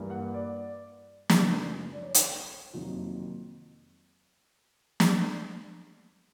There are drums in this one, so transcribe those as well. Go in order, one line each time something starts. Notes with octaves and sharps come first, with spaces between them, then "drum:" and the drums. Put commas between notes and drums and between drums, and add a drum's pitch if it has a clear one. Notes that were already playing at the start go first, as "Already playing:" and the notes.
Already playing: G2 E3 G3 A#3
F#5
D5
F#2 C#3 E3 A3, drum: snare
D5
C#5
drum: hi-hat
F2 C3 D#3 F#3 A#3
drum: snare